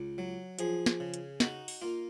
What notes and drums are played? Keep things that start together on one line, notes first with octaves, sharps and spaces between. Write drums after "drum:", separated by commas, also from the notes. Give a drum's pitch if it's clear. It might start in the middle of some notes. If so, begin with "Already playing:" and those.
Already playing: C#2
F#3
F3 G#4, drum: hi-hat
drum: snare
C#3
drum: hi-hat
D#4 F#4, drum: snare
drum: open hi-hat
A#3 F4